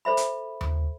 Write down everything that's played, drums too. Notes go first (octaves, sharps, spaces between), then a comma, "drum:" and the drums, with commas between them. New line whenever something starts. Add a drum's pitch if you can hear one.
A4 C5 E5 B5
drum: hi-hat
drum: tom D#2